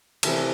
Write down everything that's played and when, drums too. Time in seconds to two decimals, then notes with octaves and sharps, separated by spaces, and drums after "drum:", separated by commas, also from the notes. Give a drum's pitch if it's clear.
0.23 C3 E3 A3 E5, drum: cymbal